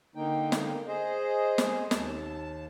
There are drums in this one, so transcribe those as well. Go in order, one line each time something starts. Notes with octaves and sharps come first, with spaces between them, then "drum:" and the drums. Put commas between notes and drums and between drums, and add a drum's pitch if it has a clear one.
D3 A#3 D#4 G5
drum: snare
G#4 C5 D#5
drum: snare
D#2 A5, drum: snare